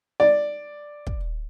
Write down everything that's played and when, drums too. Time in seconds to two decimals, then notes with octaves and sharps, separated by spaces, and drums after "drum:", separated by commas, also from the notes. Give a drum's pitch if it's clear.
0.20 D5
1.07 drum: kick